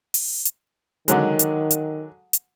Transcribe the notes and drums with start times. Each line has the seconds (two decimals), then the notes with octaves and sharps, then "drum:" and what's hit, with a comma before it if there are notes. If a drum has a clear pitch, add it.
0.14 drum: open hi-hat
0.45 drum: hi-hat
1.08 D3 D#3 F#3 G#3, drum: hi-hat
1.39 drum: hi-hat
1.71 drum: hi-hat
2.33 drum: hi-hat